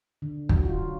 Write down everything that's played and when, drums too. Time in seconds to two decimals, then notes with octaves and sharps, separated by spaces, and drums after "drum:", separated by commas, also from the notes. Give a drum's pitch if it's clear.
0.22 D3
0.49 F#3, drum: kick
0.65 F4